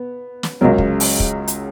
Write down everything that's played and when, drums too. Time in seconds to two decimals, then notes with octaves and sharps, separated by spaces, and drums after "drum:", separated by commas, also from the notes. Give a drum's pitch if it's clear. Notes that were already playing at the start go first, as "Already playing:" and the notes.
Already playing: B3
0.43 drum: snare
0.61 C#2 C#3 F#3 A#4
0.78 drum: kick
1.00 drum: open hi-hat
1.20 drum: kick
1.48 drum: hi-hat